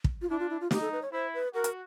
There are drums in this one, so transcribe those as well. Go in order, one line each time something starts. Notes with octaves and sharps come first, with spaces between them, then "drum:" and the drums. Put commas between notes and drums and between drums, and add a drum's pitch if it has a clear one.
drum: kick
F4
D4 E4
F4
E4
F4
D#4 G4, drum: snare
A4
B4
C#5
E4 C5
B4
F#4 A#4
drum: hi-hat